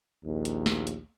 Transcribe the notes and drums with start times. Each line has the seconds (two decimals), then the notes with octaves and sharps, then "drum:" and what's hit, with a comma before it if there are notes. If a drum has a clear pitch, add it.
0.24 A#1 D#2
0.45 drum: hi-hat
0.66 drum: snare
0.87 drum: hi-hat